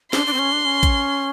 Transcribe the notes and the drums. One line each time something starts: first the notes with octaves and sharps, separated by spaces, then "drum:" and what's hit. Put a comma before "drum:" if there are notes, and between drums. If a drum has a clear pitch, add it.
D4 C6, drum: snare
D4
C4
C#4
D4
C#4
drum: kick A1, hi-hat